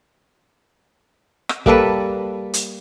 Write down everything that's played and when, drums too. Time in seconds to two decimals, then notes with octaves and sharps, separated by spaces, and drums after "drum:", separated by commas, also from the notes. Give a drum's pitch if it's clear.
1.49 drum: rim click
1.66 G3 A#3 A4 B4, drum: kick
2.54 drum: hi-hat